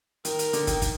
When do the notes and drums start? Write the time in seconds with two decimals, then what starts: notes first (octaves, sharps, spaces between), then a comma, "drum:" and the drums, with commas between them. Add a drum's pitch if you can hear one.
0.25 D#3 A#4, drum: hi-hat
0.39 drum: hi-hat
0.53 D3, drum: hi-hat
0.67 D#3, drum: kick, hi-hat
0.82 drum: kick, hi-hat